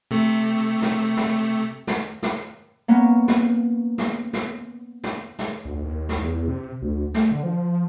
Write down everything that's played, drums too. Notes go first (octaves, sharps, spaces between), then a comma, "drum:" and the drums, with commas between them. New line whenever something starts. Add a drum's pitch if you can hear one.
C3 A3
drum: snare
drum: snare
drum: snare
drum: snare
A#3 B3 C#4
drum: snare
drum: snare
drum: snare
drum: snare
drum: snare
D2
D#2
drum: snare
E2
C3
D2
A3, drum: snare
D3
F3